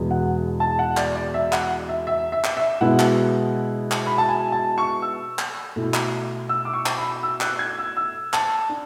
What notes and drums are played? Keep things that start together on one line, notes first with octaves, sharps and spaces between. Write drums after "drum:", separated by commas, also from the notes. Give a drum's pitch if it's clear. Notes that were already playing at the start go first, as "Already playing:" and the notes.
Already playing: E2 B2 G#3 B3
F#5
A5
F#5
D5, drum: clap
D5
E5
F#5, drum: clap
E5
E5
E5
drum: clap
E5
B2 G#3 B3 E4 F#5
drum: clap
drum: clap
B5
A5
G#5
A5
C#6
E6
drum: clap
B2 A3 E4
drum: clap
E6
D6
C#6
drum: clap
B5
E6
F#6, drum: clap
G#6
E6
E6
A5, drum: clap
D4